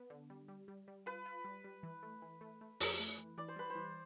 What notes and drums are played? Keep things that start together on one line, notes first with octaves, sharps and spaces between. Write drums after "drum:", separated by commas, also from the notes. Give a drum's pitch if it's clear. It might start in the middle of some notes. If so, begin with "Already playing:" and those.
Already playing: B3
D3
G3
G3
G3
G3
F4 B4
F4
G3
G3
E3
A3
E3
A3
A3
F2, drum: open hi-hat
A3
E3
E3 D5
C5
G3 B4
C5
E3